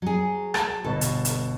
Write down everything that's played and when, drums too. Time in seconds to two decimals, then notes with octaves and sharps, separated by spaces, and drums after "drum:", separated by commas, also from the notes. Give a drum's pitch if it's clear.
0.02 F#3 G#4
0.54 A5 A6, drum: rim click
0.84 G1 B2 A4
1.01 drum: hi-hat
1.25 drum: hi-hat